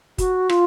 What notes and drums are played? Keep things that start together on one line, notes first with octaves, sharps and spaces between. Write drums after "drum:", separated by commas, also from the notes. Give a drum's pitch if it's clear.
F#4, drum: kick, hi-hat
F4, drum: rim click